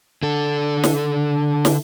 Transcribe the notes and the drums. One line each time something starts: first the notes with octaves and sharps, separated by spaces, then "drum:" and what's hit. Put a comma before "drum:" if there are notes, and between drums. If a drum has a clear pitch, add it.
D3 A4
drum: snare
drum: snare